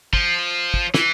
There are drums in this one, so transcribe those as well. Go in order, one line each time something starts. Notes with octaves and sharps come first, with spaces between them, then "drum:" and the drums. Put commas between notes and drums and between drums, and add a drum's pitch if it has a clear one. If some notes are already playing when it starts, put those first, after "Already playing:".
F3, drum: kick
drum: kick
E3, drum: snare